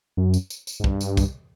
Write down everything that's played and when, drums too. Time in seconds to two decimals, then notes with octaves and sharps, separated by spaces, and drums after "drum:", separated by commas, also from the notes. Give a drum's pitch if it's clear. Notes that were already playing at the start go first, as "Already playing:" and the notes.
0.17 F#2
0.34 drum: tambourine
0.50 drum: tambourine
0.67 drum: tambourine
0.80 G#2
0.84 G2, drum: kick
1.01 drum: tambourine
1.17 drum: kick, tambourine